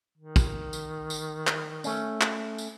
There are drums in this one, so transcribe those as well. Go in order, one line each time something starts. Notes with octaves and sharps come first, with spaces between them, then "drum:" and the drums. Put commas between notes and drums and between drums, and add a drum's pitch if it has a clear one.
D#3
drum: kick, tambourine
drum: tambourine
drum: tambourine
drum: clap
A3 C#4, drum: tambourine
drum: clap
drum: tambourine